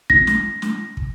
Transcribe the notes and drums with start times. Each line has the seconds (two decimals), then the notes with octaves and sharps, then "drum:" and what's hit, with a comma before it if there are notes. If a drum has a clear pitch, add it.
0.10 A#6, drum: kick
0.27 drum: snare
0.62 drum: snare
0.97 drum: kick